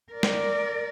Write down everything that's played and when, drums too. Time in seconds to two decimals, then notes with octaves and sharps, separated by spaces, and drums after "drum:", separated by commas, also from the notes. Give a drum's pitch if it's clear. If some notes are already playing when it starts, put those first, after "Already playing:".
0.12 A#4 D5
0.23 drum: snare